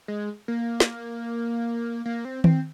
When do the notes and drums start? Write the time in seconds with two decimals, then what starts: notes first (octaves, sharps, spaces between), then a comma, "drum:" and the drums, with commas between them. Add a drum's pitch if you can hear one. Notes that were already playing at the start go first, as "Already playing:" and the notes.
0.08 G#3
0.48 A#3
0.80 drum: snare
2.06 A#3
2.25 C4
2.44 C4, drum: tom D#3